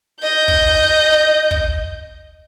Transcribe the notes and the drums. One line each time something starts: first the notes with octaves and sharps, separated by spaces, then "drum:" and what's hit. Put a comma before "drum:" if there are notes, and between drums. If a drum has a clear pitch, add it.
D#5 G6
drum: kick
drum: kick